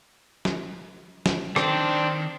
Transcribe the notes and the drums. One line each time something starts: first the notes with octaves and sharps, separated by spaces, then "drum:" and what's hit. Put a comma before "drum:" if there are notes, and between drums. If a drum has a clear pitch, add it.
drum: snare
drum: snare
D#3 C4 D4, drum: rim click